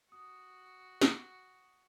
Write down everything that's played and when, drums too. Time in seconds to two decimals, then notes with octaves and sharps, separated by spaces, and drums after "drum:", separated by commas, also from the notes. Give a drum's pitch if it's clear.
0.12 F#4 D#6
1.01 drum: snare